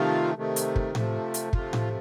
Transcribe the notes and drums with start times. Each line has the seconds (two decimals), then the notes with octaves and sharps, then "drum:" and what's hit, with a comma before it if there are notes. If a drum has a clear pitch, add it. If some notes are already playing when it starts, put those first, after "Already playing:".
Already playing: C3 D#3 F3 A3 F4
0.37 C3 D#3 A3
0.56 drum: hi-hat
0.76 drum: kick
0.95 C3 F3 A3, drum: tom A2
1.34 drum: hi-hat
1.53 C3 F3 A3 F4, drum: kick
1.73 drum: tom A2